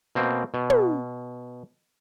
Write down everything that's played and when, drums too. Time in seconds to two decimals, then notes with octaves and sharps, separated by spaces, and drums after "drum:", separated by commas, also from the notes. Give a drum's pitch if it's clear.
0.15 B2 A#3 C4
0.54 B2
0.70 drum: tom